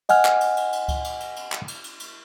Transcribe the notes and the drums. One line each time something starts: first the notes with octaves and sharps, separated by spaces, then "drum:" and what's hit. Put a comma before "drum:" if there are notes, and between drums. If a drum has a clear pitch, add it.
D#5 F#5 G#5 F6, drum: cymbal
drum: clap
drum: cymbal
drum: cymbal
drum: cymbal
drum: kick C#2, cymbal
drum: cymbal
drum: cymbal
drum: cymbal
drum: clap
drum: cymbal
drum: cymbal
drum: cymbal